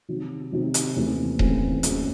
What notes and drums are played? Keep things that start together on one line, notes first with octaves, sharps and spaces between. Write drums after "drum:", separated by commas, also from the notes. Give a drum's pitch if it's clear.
C3 D#3 F#3
C3 D#3 F#3
drum: hi-hat
D#2 C#3 E3 A3 C4
D#2 C#3 E3 A3 C4, drum: kick D#1
F#1 F#2 C#3 E3, drum: hi-hat